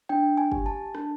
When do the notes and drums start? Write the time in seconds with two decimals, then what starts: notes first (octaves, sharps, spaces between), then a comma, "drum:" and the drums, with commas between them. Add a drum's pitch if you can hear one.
0.09 D4 G5
0.37 G#5
0.52 G4, drum: kick F#1
0.66 A5
0.95 D4, drum: rim click